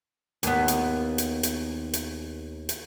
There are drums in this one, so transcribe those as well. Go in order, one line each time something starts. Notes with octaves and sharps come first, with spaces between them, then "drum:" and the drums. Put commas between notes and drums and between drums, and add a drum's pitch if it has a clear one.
D#2 B3, drum: hi-hat
drum: hi-hat
drum: hi-hat
drum: hi-hat
drum: hi-hat
drum: hi-hat